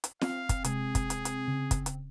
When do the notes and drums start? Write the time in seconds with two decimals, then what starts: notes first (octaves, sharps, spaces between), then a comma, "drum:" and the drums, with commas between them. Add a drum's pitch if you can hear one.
0.04 drum: hi-hat
0.21 C4 F5, drum: snare
0.49 drum: kick, hi-hat
0.64 C3 G#3 G#4, drum: hi-hat
0.95 drum: kick, hi-hat
1.10 drum: hi-hat
1.25 drum: hi-hat
1.48 C#3
1.71 drum: kick, hi-hat
1.86 drum: hi-hat